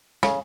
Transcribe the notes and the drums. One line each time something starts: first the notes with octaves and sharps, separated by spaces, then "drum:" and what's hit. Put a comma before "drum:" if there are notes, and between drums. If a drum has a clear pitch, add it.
C#3, drum: snare